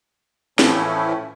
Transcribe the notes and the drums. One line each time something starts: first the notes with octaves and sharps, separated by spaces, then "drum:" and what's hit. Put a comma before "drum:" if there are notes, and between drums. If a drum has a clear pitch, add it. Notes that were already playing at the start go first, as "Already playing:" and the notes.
A2 E3 F3 A3 C#4 E4, drum: snare